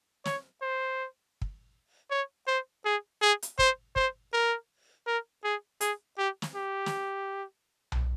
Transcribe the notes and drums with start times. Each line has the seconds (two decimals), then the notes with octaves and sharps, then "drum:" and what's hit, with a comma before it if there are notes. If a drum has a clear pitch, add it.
0.25 C#5, drum: snare
0.62 C5
1.42 drum: kick
2.11 C#5
2.48 C5
2.85 G#4
3.22 G#4
3.42 drum: hi-hat
3.59 C5, drum: kick
3.96 C5, drum: kick
4.33 A#4
5.07 A#4
5.44 G#4
5.81 G#4, drum: hi-hat
6.18 G4
6.42 drum: snare
6.55 G4
6.86 drum: snare
7.92 drum: tom B1